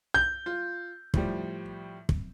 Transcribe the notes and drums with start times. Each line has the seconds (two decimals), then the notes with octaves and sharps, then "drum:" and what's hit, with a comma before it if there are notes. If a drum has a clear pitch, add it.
0.14 G6
0.46 F4
1.14 A2 F3 G3, drum: kick
2.09 drum: kick